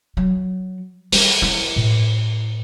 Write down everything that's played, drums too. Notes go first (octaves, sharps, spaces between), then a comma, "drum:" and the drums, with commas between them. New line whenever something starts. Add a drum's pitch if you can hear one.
F#3
G3, drum: open hi-hat
E4
A2